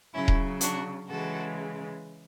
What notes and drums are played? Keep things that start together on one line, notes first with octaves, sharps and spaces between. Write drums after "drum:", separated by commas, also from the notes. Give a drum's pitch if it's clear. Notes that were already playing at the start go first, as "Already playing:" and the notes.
C#3 F#3 C#4 E4
drum: kick D#1
D4 F#4, drum: hi-hat
C#3 E3 G#3 F#4 A4